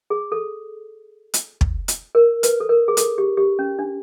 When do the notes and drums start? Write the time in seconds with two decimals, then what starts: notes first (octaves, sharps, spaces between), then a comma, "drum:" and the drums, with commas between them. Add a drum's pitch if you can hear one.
0.10 G#4
0.32 A4
1.34 drum: hi-hat
1.61 drum: kick
1.88 drum: hi-hat
2.15 A#4
2.43 B4, drum: hi-hat
2.60 A4
2.69 A#4
2.88 G#4
2.97 A4, drum: hi-hat
3.18 G4
3.37 G4
3.59 C#4
3.79 D4